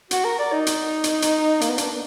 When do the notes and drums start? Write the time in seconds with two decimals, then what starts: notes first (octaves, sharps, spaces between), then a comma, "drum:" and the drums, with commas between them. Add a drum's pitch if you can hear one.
0.11 F#4, drum: hi-hat
0.24 A#4
0.39 D5
0.52 D#4
0.67 drum: hi-hat
1.04 drum: hi-hat
1.22 drum: hi-hat
1.61 A#3, drum: hi-hat
1.70 B3
1.78 D4, drum: hi-hat